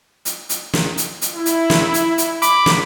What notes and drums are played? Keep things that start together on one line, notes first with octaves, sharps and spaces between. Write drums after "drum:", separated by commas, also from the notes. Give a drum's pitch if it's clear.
drum: hi-hat
drum: hi-hat
drum: snare
drum: hi-hat
drum: hi-hat
E4
drum: hi-hat
drum: snare
drum: hi-hat
drum: hi-hat
B5 D6, drum: hi-hat
drum: snare